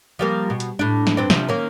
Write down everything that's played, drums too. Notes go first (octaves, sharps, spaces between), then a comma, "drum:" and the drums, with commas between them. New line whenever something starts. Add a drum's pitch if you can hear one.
F3 G3 A#3
B2
drum: hi-hat
A2 D4
drum: snare
G2 C4 D4
C3 F3, drum: snare
D#3 A#3 C#4